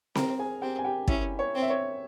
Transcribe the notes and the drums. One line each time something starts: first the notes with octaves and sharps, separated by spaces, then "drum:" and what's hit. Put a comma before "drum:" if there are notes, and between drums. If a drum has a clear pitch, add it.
C4 A#4 A#5, drum: snare C4
G#4 G#5
C4 G4 G5
G#5
G4 G5
C#4 E4 E5, drum: kick
C#5
C4
E5
C#5